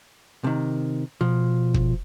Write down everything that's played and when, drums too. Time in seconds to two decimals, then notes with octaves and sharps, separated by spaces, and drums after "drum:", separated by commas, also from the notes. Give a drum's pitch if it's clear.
0.44 C3 D#3
1.21 B2 F3
1.74 drum: kick